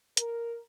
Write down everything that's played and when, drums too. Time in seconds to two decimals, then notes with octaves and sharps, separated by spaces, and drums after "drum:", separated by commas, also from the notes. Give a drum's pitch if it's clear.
0.17 A#4, drum: hi-hat